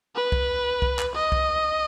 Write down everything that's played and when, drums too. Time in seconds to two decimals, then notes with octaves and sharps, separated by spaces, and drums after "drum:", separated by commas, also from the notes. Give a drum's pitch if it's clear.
0.16 B4
0.32 drum: kick
0.82 drum: kick
0.99 drum: clap
1.16 D#5
1.32 drum: kick